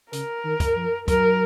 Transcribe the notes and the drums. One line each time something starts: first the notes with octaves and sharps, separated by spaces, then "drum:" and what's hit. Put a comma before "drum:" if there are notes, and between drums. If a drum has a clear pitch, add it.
C#3 A#4, drum: hi-hat
D#3
drum: kick, hi-hat
F3
F#3 A#4, drum: kick, hi-hat